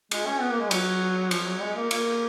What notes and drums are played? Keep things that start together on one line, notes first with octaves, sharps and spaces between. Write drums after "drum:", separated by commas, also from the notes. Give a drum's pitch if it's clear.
G#3, drum: cymbal
C#4
B3
A#3
G#3
F#3, drum: cymbal
F3, drum: cymbal
F#3
G#3
A#3
A#3, drum: cymbal